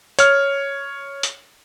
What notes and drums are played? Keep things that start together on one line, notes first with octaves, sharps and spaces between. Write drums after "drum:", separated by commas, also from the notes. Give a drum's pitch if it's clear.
C#5 F6, drum: hi-hat
drum: hi-hat